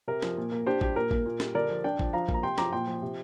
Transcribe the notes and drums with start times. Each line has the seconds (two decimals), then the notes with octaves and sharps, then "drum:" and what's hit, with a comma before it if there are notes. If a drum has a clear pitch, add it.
0.07 C3 A#4
0.22 F3, drum: snare
0.37 A#2
0.52 A#3
0.66 D4 G4 C5
0.81 G3 G4, drum: kick A1
0.96 A#2 A#4
1.11 A#3, drum: kick A1
1.26 A#2
1.40 G3, drum: snare
1.55 D3 A#4 D5
1.70 F3
1.84 D4 D5 G5
1.99 F3, drum: kick A1
2.13 F3 F5 A#5
2.29 A#3, drum: kick A1
2.34 A#5
2.43 C3 G5 C6
2.58 F3 A#5 D6, drum: snare
2.73 A#2 G5 C6
2.87 F3
3.02 C3